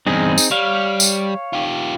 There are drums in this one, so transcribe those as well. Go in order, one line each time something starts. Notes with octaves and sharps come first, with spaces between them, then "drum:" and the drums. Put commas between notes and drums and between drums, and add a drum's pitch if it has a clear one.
E2 G2 C4 D#4 G#4
drum: tambourine
G3 C#5 F5
drum: tambourine
F4 G4